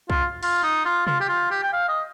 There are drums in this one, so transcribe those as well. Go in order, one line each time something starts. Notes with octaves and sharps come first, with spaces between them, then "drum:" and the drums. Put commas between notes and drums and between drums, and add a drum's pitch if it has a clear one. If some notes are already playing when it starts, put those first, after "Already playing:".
F4, drum: kick C2
F4, drum: cymbal
D#4
F4
F4, drum: tom C3
G4
F4
G4
G5
F5
D#5